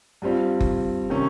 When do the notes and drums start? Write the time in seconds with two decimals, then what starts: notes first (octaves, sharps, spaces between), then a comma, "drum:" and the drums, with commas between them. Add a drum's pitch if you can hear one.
0.22 G2 G3 C4 F4
0.60 drum: kick F#1
1.10 C3 D#3 A#3 C#4